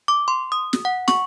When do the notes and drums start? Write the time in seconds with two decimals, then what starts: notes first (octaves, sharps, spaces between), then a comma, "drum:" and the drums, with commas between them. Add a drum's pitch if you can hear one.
0.08 D6
0.28 C6
0.52 D#6
0.73 drum: snare
0.85 F#5
1.08 C#6, drum: snare